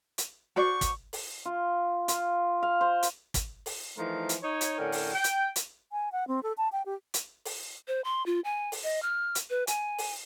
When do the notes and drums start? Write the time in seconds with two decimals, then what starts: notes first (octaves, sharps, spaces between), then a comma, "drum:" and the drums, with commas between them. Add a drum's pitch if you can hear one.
0.18 drum: hi-hat
0.56 F#4 C5 D5 C#6
0.81 drum: kick, hi-hat
1.13 drum: open hi-hat
1.46 F4
2.08 F4, drum: hi-hat
2.63 F5
2.81 C5
3.03 drum: hi-hat
3.34 drum: kick, hi-hat
3.66 drum: open hi-hat
3.97 E3 F3 A3 D#4 A#4
4.29 drum: hi-hat
4.43 D#4 C#5
4.61 drum: hi-hat
4.78 A2 D3 C#4 A#4 G5
4.92 drum: open hi-hat
5.13 G5
5.24 drum: hi-hat
5.56 drum: hi-hat
5.92 G#5
6.12 F#5
6.28 C4
6.43 A4
6.58 A5
6.72 G5
6.86 G4
7.14 drum: hi-hat
7.45 drum: open hi-hat
7.88 C5
8.04 C6
8.26 F4
8.44 G#5
8.72 drum: open hi-hat
8.84 D#5
9.03 F6
9.35 drum: hi-hat
9.50 B4
9.67 G#5, drum: hi-hat
9.98 drum: open hi-hat